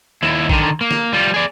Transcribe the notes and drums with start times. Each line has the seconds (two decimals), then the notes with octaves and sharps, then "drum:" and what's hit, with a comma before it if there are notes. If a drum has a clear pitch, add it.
0.23 D#2 E4
0.49 D3 D#3, drum: kick
0.81 A#3
0.91 drum: snare
1.13 G3 F4
1.34 G#4 D5